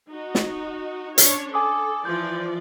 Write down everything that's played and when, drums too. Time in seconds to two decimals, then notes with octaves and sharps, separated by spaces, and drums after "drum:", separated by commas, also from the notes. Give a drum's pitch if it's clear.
0.10 D#4 F#4
0.35 drum: snare
1.18 C#4 D4 C#5, drum: hi-hat
1.54 A4 G#5 D6 D#6
2.05 E3 F3 D5 G6